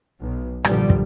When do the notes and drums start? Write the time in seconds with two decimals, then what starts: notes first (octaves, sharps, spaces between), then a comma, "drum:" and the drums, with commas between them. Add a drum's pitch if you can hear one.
0.22 B1
0.64 G2 A#2 D3 F3 G3, drum: rim click
0.90 drum: kick